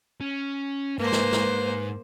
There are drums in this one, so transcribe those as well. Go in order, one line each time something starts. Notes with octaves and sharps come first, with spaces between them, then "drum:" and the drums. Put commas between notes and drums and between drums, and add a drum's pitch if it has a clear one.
C#4
G#2 A#3 B4 C5
drum: snare
drum: snare